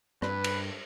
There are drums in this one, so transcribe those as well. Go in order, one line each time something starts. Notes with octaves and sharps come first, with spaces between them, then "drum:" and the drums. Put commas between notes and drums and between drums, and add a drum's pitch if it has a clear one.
G2 B4, drum: rim click
drum: cymbal